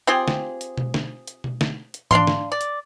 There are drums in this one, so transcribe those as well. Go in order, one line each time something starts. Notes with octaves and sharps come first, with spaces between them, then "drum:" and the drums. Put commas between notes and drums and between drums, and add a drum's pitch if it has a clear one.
C4 F4 G4 G#4
drum: snare
drum: hi-hat
drum: tom B2
drum: snare
drum: hi-hat
drum: tom B2
drum: snare
drum: hi-hat
D4 D5 F5 C6, drum: tom
drum: snare
D5
drum: hi-hat